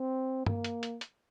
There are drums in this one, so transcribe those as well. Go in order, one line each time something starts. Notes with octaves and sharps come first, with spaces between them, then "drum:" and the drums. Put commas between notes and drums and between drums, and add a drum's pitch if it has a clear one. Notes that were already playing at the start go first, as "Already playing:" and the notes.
Already playing: C4
A#3, drum: tom
drum: hi-hat
drum: hi-hat
drum: hi-hat